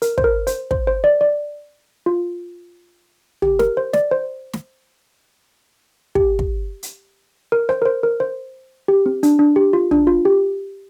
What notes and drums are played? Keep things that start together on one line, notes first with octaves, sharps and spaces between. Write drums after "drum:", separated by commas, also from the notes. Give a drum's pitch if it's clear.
A#4, drum: hi-hat
C5, drum: kick
A#4
C5, drum: hi-hat
C5, drum: kick
C5
D5
D5
F4
G4, drum: tom
A#4, drum: snare
C5
D5, drum: snare
C5
drum: snare
G4, drum: kick
drum: kick
drum: hi-hat
A#4
C5, drum: rim click
A#4
C5
A#4
C5
G4
C4
D4, drum: hi-hat
D4
G4
F4
D4, drum: tom
F4
G4